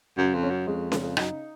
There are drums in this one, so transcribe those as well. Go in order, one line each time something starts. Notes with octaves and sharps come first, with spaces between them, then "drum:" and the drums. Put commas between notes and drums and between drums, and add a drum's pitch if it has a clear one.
F#2 C#3
F2
C#4
F#2
F2 G#3
C#3, drum: snare C#4
F#2 D#4, drum: rim click